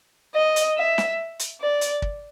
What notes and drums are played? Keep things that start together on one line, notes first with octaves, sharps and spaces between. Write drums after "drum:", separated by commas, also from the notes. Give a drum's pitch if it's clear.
D#5
drum: hi-hat
E5
drum: snare
drum: hi-hat
D5
drum: hi-hat
drum: kick